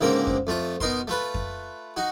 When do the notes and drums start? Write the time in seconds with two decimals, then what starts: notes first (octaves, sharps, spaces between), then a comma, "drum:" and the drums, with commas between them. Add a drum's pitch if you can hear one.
0.01 C#2 G#2 D3 A#3 C4 A#4
0.27 drum: kick F2
0.47 F2 A3 F4
0.80 B2 D#4 A#4 C6, drum: kick F2
1.08 A3 F4 B4
1.34 drum: kick F2
1.97 D#4 F#4